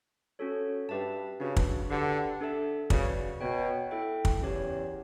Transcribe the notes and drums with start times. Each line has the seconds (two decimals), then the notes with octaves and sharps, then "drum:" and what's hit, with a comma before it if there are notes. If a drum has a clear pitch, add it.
0.39 C#4 F#4 A4 C#5
0.89 G2 G4 B4 E5 A5
1.40 C#3 D4 F#4 B4
1.56 drum: kick
1.89 D3 G4 B4 F#5 A5
2.41 D4 A4 E5 A5
2.90 C#3 F#4 B4 D5, drum: kick
3.41 B2 B3 F#4 C#5 G5
3.91 E4 A4 E5 G5
4.25 drum: kick
4.41 E2 C#4 G4 C#5